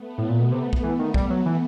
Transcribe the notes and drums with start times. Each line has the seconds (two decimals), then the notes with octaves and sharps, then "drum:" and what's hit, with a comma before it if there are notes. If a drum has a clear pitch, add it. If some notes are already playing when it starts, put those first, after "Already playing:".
Already playing: A3 B3
0.18 A2
0.29 A#2
0.41 B2
0.52 C3
0.73 drum: kick C2
0.83 E3
0.99 D#3
1.14 G3, drum: kick C2
1.30 F#3
1.46 E3